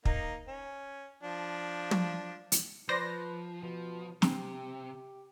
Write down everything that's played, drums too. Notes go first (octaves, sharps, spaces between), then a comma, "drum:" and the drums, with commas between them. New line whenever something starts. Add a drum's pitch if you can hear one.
A#3 D#4, drum: kick
C#4
F3 D4
drum: tom
drum: hi-hat
F3 B4 C5 D5 A#6
B2 F3
C3 G4, drum: snare